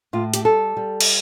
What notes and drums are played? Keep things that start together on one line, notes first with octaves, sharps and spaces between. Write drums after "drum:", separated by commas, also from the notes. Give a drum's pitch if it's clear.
A2 F4
G4, drum: hi-hat
G3 A4
G3
drum: cymbal